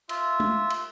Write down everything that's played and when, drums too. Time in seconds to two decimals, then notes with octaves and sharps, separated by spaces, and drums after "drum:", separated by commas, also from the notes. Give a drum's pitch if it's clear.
0.09 F4 E5, drum: cymbal
0.40 drum: tom G#3
0.70 drum: cymbal